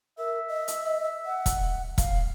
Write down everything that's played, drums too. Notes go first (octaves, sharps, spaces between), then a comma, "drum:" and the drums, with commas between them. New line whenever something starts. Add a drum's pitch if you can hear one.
A#4 E5
D#5
drum: hi-hat
F#5
drum: kick E1, hi-hat
F5, drum: kick E1, hi-hat